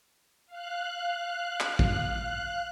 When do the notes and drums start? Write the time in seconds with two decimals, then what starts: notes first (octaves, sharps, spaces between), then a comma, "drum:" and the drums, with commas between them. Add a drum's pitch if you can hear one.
0.47 F5 F#6
1.60 drum: clap
1.79 drum: kick